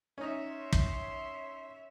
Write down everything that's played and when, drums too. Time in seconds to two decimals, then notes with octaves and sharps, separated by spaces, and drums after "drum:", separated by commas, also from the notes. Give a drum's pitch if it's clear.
0.18 C#4 D#4 C#5 E5
0.50 C6
0.73 drum: kick